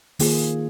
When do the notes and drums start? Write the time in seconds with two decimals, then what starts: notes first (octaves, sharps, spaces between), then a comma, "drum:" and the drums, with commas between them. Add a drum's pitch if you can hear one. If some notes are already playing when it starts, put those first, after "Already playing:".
0.19 D#3 A#3 F4 G#4, drum: open hi-hat